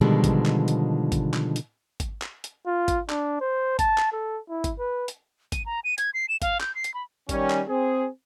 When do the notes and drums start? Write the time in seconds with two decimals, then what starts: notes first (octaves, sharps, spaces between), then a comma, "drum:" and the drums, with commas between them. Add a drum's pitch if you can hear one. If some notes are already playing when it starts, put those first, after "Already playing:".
0.01 B2 D3 D#3 F3 G3 G#3
0.24 drum: kick G#1, hi-hat
0.46 drum: clap
0.68 drum: hi-hat
1.12 drum: kick G#1, hi-hat
1.34 drum: clap
1.56 drum: hi-hat
2.00 drum: kick G#1, hi-hat
2.22 drum: clap
2.44 drum: hi-hat
2.66 F4
2.88 drum: kick G#1, hi-hat
3.10 D4, drum: clap
3.40 C5
3.79 A5, drum: kick G#1, hi-hat
3.98 drum: clap
4.13 A4
4.49 E4
4.64 drum: kick G#1, hi-hat
4.79 B4
5.08 drum: hi-hat
5.52 D#7, drum: kick G#1, hi-hat
5.66 A#5
5.84 D#7
5.98 G#6, drum: hi-hat
6.14 C7
6.29 E7
6.42 F5, drum: kick G#1, hi-hat
6.61 G6, drum: clap
6.75 C7
6.84 drum: hi-hat
6.94 B5
7.29 D#3 G3 C#4, drum: kick G#1, hi-hat
7.50 drum: clap
7.68 C4 G#4